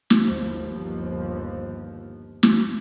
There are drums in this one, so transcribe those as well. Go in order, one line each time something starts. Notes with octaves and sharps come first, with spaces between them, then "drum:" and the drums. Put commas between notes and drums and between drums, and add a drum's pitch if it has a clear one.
drum: snare
G1 D#2 F3
drum: snare